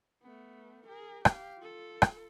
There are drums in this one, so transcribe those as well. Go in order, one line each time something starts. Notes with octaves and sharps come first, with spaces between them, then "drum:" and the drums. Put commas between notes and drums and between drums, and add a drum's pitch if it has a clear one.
A3 B3
G#4 A#4
G4 F5, drum: rim click
F4 A4
drum: rim click